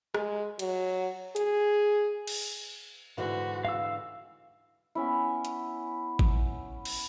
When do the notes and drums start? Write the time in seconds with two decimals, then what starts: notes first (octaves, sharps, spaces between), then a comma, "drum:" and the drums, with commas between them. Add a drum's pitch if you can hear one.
0.14 G#3, drum: rim click
0.59 F#3, drum: cymbal
1.36 G#4, drum: hi-hat
2.27 drum: cymbal
3.18 G#2 D3 E3 F#4
3.65 F5 E6
4.95 B3 C#4 E4
5.45 drum: hi-hat
6.19 drum: kick
6.85 drum: cymbal